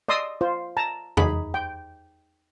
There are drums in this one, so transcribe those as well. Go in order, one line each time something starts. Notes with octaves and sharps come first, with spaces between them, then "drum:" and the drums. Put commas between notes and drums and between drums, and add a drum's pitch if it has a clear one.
D5 D#5 C6 D#6 E6
F4 C5
A5 A#5
D#4 G#4 B5, drum: tom E2
G5